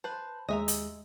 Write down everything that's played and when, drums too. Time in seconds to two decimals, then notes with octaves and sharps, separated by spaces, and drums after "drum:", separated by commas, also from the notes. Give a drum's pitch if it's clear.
0.04 B4 C5 A5
0.49 D#2 G#3 D#5 E5 A#5
0.68 drum: hi-hat